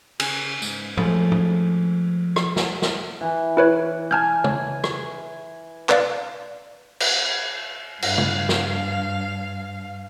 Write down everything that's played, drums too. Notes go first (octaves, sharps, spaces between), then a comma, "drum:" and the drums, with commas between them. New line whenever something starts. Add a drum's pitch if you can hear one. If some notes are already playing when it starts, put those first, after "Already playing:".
C#3 G#4, drum: cymbal
G#2, drum: tambourine
F3 G#3 A3 C#4, drum: tom
drum: tom
drum: rim click
drum: snare
drum: snare
E3
E4 B4 C#5
G#5 A5 F6 G6
C#5, drum: tom
drum: rim click
B4 D5 F5, drum: clap
drum: cymbal
G2 F5, drum: cymbal
drum: tom
drum: snare